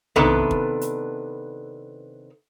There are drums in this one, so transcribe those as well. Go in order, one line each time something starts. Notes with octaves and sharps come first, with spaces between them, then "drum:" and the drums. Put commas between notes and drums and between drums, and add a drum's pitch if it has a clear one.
C3 D#3 B3 D4 A4 B4, drum: tom
drum: kick
drum: hi-hat